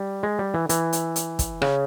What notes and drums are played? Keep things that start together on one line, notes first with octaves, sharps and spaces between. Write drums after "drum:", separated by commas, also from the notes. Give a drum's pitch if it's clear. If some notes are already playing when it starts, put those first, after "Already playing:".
Already playing: G3
G#3
G3
E3
E3, drum: hi-hat
drum: hi-hat
drum: hi-hat
drum: kick, hi-hat
C#3, drum: rim click